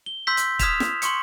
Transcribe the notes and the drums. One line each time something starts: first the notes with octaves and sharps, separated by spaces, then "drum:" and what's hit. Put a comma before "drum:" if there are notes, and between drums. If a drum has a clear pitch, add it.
G7
C6 E6 G6 B6
drum: hi-hat
D#6 F6 G#6 B6 E7 F7, drum: kick, hi-hat
drum: snare
C6 C#6 C#7, drum: hi-hat